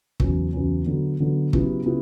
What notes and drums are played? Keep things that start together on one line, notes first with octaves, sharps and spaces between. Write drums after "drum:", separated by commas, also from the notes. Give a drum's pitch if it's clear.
E2 C#3 F#3 C#4, drum: kick
E2 C#3 F#3 C#4
D3 F#3 B3
D3 F#3 B3
C#3 F#3 B3 E4 G4, drum: kick
C#3 B3 E4 G4